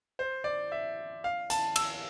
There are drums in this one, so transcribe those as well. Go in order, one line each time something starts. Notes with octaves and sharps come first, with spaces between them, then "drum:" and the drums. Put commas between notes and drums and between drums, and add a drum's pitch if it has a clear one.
C5
D5
E5
F5
A5, drum: hi-hat
E6, drum: cymbal